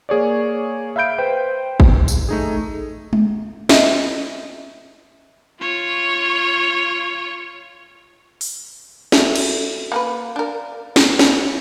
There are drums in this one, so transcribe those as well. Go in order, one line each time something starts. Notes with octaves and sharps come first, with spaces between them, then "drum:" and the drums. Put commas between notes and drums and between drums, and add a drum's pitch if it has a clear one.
A#3 G#4 C#5 D5
E5 F5 B5 G6 D7
B4 C5 G5
drum: kick
drum: tambourine
A3 D#4 G#4
drum: tom G#3
D#5 E5, drum: snare
F4 C#5
drum: open hi-hat
F#4 A4 E5, drum: snare
drum: cymbal
A#3 A#4 B4 F5
D4 A#4
drum: snare
E4 C#5, drum: snare